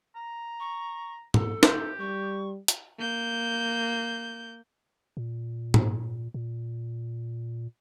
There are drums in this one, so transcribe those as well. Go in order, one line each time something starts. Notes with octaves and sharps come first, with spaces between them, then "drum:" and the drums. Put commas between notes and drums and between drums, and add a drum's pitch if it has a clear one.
A#5
C#6
A4, drum: tom G#2
G4, drum: snare
G3 C#6
drum: hi-hat
A#3 G6
A#2
drum: tom G#2
A#2